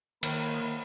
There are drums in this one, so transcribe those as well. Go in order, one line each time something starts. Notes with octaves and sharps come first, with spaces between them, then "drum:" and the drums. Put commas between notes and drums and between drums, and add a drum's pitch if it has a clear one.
D#3 A#3 B5, drum: cymbal